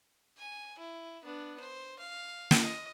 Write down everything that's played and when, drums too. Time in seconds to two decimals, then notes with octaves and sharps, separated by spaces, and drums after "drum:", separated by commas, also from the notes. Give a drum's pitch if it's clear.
0.38 G#5
0.79 E4
1.23 B3 D4
1.60 C5
1.99 F5
2.51 drum: snare
2.62 D#5